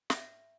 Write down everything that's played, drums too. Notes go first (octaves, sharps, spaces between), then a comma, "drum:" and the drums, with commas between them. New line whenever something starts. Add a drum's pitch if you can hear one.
E5, drum: snare